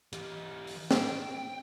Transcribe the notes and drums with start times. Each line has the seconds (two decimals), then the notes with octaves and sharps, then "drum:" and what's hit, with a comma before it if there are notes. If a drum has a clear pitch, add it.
0.13 E3 G4, drum: hi-hat
0.67 drum: open hi-hat
0.91 G5, drum: snare